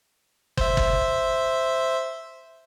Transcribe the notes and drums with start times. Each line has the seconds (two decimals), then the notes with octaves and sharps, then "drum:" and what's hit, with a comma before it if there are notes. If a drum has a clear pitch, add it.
0.57 C5 E5, drum: kick
0.77 drum: kick